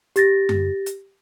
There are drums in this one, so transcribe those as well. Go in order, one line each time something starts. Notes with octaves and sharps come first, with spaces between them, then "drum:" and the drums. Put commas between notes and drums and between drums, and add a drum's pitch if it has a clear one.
G4 A6 A#6, drum: hi-hat
drum: tom F#2
drum: hi-hat